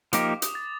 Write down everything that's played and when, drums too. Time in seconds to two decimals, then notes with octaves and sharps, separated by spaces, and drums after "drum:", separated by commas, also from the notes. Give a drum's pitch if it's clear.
0.13 F3 A#3 D#4 G4 D6, drum: hi-hat
0.42 D#6, drum: hi-hat
0.55 A6